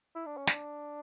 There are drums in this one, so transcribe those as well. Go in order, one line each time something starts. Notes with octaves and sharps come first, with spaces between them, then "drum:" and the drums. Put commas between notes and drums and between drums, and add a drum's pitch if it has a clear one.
E4
D4
C#4
D4, drum: snare